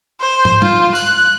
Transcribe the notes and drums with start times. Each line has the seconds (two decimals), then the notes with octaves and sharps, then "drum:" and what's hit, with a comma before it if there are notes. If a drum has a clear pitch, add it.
0.21 C5
0.45 drum: tom
0.62 F4, drum: tom
0.95 F#6, drum: tambourine